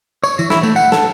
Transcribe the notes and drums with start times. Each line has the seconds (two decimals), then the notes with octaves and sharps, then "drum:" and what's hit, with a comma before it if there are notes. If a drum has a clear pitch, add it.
0.24 C#5, drum: tambourine
0.39 E3, drum: tambourine
0.50 E4, drum: snare
0.63 A3, drum: tambourine
0.76 F#5, drum: tambourine
0.92 A4, drum: snare